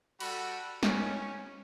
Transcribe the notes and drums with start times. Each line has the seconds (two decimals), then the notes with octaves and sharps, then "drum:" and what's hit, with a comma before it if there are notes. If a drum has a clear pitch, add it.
0.20 G3 F#4 A4 B5, drum: cymbal
0.83 C#4, drum: snare